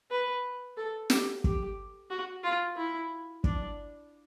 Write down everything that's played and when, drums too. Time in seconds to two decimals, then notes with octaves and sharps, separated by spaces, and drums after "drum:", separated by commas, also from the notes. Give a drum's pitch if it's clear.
0.11 B4
0.77 A4
1.10 G4, drum: snare
1.44 G4, drum: kick
2.10 F#4
2.43 F4
2.76 E4
3.44 D4, drum: kick